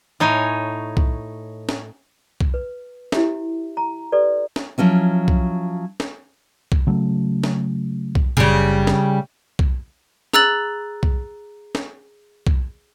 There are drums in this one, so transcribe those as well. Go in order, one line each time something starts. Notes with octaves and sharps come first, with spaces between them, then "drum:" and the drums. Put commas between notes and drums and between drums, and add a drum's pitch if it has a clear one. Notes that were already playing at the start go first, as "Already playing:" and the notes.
A2 D#4 C#5 G#5
drum: kick B1
drum: snare
drum: kick B1
B4
E4 G4 E5, drum: snare
A#5
G4 A4 B4 D5
drum: snare
F3 F#3 C#4 E4
drum: kick B1
drum: snare
drum: kick B1
C#3 F#3 A3
drum: snare
drum: kick B1
F#1 C#3 G3
drum: snare
drum: kick B1
G#4 A#5 E6 F#6 A6 F#7, drum: snare
drum: kick B1
drum: snare
drum: kick B1